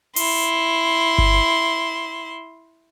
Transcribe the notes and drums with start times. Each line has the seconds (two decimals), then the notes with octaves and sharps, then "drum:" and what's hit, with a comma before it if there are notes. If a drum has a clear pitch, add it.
0.16 E4 C6, drum: open hi-hat
1.18 drum: kick G1